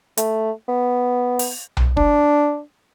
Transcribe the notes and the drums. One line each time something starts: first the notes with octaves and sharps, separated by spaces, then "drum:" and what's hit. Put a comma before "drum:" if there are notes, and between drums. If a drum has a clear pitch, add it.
A3, drum: hi-hat
B3
drum: open hi-hat
drum: tom B1
D4, drum: kick